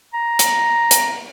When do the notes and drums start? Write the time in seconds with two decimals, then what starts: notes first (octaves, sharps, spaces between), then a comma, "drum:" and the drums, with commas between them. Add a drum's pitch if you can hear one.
0.13 A#5
0.39 drum: hi-hat
0.91 drum: hi-hat